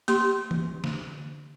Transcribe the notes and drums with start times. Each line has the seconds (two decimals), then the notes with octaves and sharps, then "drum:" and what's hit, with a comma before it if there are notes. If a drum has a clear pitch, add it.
0.08 A#3 G4 C6, drum: hi-hat
0.51 drum: tom
0.84 drum: snare D3